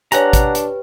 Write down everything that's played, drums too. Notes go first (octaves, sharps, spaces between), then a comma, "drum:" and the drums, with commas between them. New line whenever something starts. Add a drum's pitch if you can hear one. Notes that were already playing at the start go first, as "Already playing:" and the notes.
D4 G4 B4 C#5 F#5 G#5 A#5, drum: hi-hat
drum: kick, hi-hat
drum: hi-hat